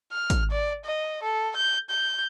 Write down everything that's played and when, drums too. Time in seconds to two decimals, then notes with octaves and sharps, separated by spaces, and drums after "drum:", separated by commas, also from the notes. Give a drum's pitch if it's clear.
0.13 F6
0.30 drum: kick, hi-hat
0.51 D5
0.85 D#5
1.23 A4
1.56 G6
1.90 G6